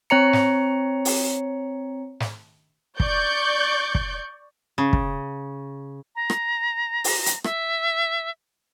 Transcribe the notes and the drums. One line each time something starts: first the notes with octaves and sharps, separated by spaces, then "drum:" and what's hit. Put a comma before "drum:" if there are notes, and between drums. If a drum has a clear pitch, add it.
C4 C#5 A#5 C#7
drum: snare
drum: open hi-hat
drum: snare
D5 C#6 G6, drum: kick
drum: kick
C#3
drum: kick
A#5
drum: rim click
drum: open hi-hat
drum: hi-hat
E5, drum: rim click